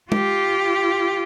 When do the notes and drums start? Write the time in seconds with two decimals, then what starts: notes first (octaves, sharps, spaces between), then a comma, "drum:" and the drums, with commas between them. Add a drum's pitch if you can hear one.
0.12 F4 G4, drum: tom G#3